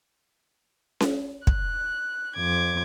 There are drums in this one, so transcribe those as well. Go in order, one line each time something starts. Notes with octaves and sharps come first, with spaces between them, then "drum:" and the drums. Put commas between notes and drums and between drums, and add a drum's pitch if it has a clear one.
drum: snare C#4
F#6, drum: kick
F2 D6 G#6